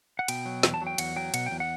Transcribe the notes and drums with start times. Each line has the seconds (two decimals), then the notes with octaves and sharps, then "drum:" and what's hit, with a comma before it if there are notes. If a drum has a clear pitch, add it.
0.19 F#5
0.28 B2 G5, drum: cymbal
0.45 F#3
0.63 E2, drum: snare
0.74 A5
0.81 F#3
0.87 G5
0.98 E2 F#5, drum: cymbal
1.16 F#3 G5
1.34 B2 F#5, drum: cymbal
1.46 E2 G5
1.60 F#5